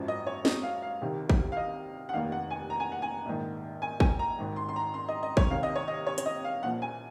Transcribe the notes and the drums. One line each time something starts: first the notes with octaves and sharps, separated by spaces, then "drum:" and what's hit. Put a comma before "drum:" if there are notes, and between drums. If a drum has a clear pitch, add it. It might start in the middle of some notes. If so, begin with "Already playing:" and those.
Already playing: G#1 F#2 F3
D#5
C#5
D#5, drum: snare
F5
F5
C2 C3 D#3
drum: kick
F5
D#5
F#5
F1 D#2 D#3 F5
F#5
G#5
A#5
G#5
F#5
G#5
A#1 G#2 D#3
G#5
G#5, drum: kick
A#5
G#1 G#2 D#3
C6
C6
A#5
C6
D#5
D#5
C#5, drum: kick
C2 C3 D#3 F5
D#5
C#5
D#5
C#5
C#5, drum: hi-hat
D#5
F5
A#1 A#2 F3 F#5
G#5